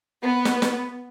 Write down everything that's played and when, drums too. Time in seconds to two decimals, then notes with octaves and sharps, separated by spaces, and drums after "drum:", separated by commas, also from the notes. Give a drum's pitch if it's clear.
0.23 B3
0.45 drum: snare
0.62 drum: snare